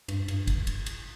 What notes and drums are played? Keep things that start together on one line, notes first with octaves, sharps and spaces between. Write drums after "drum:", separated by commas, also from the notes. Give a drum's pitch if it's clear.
G2, drum: cymbal
G2, drum: cymbal
drum: kick, cymbal
drum: cymbal
drum: cymbal